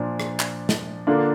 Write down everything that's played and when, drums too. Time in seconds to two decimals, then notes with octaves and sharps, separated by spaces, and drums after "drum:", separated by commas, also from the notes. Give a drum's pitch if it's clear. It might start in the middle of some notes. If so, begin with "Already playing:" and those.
Already playing: A#2 F3 D4
0.20 drum: rim click
0.40 drum: clap
0.69 drum: snare
1.07 D3 A#3 D4 F4